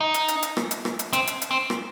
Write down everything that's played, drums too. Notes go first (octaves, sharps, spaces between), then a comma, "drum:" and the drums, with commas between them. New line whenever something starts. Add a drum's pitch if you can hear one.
D#4
drum: hi-hat
drum: hi-hat
drum: hi-hat
drum: rim click
drum: hi-hat
drum: rim click
drum: hi-hat
C4, drum: hi-hat
drum: hi-hat
drum: hi-hat
C4
drum: rim click